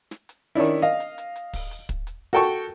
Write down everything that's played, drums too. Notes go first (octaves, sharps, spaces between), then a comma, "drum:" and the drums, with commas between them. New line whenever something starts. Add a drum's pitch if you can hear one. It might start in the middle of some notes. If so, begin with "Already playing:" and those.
drum: snare
drum: hi-hat
D#3 C#4 D4 E4
drum: hi-hat
D#5 F5, drum: hi-hat
drum: hi-hat
drum: hi-hat
drum: hi-hat
drum: kick, open hi-hat
drum: hi-hat
drum: kick, hi-hat
drum: hi-hat
F#4 A4 G5 A5 C#6
drum: hi-hat